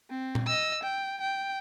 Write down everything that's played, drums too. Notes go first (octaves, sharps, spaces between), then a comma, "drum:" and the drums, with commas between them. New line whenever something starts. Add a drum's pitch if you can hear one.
C4
drum: tom A#2
D#5 E6
G5
G5